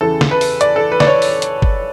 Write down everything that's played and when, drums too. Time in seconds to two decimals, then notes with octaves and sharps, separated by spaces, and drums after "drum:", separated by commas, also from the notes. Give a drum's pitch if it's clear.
0.01 E2 C#3 E3 A4
0.21 drum: snare
0.31 B4
0.41 drum: open hi-hat
0.61 D5, drum: hi-hat
0.76 A4
0.92 B4
1.00 D5, drum: snare
1.07 C#5
1.22 drum: open hi-hat
1.42 drum: hi-hat
1.62 drum: kick